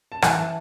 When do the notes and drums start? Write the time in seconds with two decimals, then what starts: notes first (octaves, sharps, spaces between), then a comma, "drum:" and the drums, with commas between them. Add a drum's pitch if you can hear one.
0.12 A5
0.22 E3 G#5, drum: rim click
0.38 A5